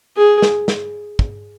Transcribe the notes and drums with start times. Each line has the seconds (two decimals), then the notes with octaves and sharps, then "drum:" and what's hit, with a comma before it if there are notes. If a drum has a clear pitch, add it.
0.17 G#4
0.42 drum: snare
0.68 drum: snare
1.19 drum: kick